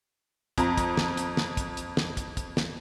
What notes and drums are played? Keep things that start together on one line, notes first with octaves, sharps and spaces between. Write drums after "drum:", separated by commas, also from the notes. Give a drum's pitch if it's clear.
F2 A#5, drum: kick, hi-hat
drum: kick, hi-hat
drum: snare
drum: hi-hat
drum: snare
drum: kick, hi-hat
drum: hi-hat
drum: snare
drum: kick, hi-hat
drum: kick, hi-hat
drum: snare